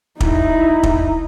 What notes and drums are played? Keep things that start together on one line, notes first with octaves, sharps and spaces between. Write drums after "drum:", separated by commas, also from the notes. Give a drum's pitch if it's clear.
D#4 E4, drum: kick
drum: kick